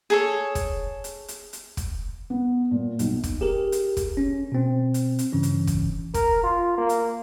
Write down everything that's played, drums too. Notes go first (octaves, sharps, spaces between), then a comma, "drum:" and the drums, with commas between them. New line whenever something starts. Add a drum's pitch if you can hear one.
G#4 A4 C#5
drum: kick, hi-hat
drum: hi-hat
drum: hi-hat
drum: hi-hat
drum: kick, hi-hat
B3
A#2
B1, drum: hi-hat
drum: kick, hi-hat
G4 G#4 A#4
drum: hi-hat
drum: kick, hi-hat
C#4
B2 C4
drum: hi-hat
drum: hi-hat
G2 C#3 E3 C#4
drum: hi-hat
drum: kick, hi-hat
A#4, drum: kick, hi-hat
F4
A#3
drum: hi-hat